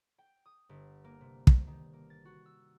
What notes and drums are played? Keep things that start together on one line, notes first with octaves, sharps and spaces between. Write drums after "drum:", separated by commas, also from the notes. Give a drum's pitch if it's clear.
G5
D#6
G1
A#3
C3
G3, drum: kick
D#3
A#3
A6
F#4
E6